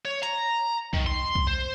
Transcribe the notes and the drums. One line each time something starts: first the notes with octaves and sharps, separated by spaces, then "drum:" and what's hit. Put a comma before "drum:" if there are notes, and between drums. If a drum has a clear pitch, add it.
C#5
A#5, drum: hi-hat
D#3, drum: kick B1
C6
drum: kick B1
C5